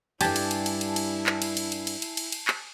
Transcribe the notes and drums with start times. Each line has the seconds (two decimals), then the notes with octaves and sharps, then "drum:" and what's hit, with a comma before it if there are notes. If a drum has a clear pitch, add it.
0.21 G2 D4 E4 G4 G#5 A5, drum: cymbal
0.36 drum: cymbal
0.51 drum: cymbal
0.66 drum: cymbal
0.81 drum: cymbal
0.96 drum: cymbal
1.27 drum: clap
1.42 drum: cymbal
1.57 drum: cymbal
1.72 drum: cymbal
1.87 drum: cymbal
2.02 drum: cymbal
2.17 drum: cymbal
2.32 drum: cymbal
2.48 drum: clap